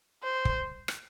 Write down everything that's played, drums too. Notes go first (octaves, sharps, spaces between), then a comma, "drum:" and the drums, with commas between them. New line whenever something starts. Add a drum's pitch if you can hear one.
C5
drum: kick
drum: rim click